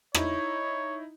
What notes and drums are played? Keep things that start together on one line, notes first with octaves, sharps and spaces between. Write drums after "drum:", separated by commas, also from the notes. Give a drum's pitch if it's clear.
D#4 E4 C#5, drum: rim click